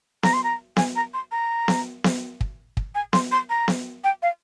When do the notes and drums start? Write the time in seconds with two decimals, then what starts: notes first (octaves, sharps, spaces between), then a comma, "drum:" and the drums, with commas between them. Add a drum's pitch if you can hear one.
0.23 A#5, drum: snare B3
0.33 C6
0.44 A#5
0.77 G#5, drum: snare B3
0.96 A#5
1.14 C6
1.31 A#5
1.68 drum: snare B3
2.04 drum: snare B3
2.41 drum: kick
2.77 drum: kick
2.95 G#5
3.13 C6, drum: snare B3
3.32 C6
3.50 A#5
3.68 drum: snare B3
4.04 G5
4.22 F5